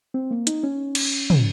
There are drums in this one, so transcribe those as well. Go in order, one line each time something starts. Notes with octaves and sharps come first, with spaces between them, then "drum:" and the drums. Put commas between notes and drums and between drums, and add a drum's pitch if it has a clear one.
C4
A#3
D#4, drum: hi-hat
C#4
drum: cymbal
drum: tom